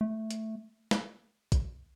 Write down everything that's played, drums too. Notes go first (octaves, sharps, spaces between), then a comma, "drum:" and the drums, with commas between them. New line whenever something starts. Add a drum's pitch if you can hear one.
A3
drum: hi-hat
drum: snare
drum: kick A1, hi-hat